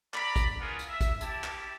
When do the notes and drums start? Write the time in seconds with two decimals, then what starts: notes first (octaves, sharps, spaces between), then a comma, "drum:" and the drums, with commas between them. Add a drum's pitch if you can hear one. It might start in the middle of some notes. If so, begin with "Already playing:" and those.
0.14 D5 A#5 B5, drum: clap
0.36 drum: kick, hi-hat
0.60 B3 D4 F4 G#4 A#4
0.79 drum: hi-hat
0.89 E5
1.01 drum: kick, hi-hat
1.21 E4 G4 A5, drum: hi-hat
1.44 drum: clap